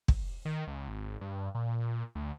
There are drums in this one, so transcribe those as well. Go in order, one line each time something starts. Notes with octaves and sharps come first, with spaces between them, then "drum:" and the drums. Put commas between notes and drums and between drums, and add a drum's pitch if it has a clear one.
drum: kick
D#3
C#2
G#1
G2
A#2
D2